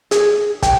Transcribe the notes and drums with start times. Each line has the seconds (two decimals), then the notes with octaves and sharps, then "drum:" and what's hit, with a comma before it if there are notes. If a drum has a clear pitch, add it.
0.11 G#4, drum: hi-hat
0.62 G4, drum: kick, hi-hat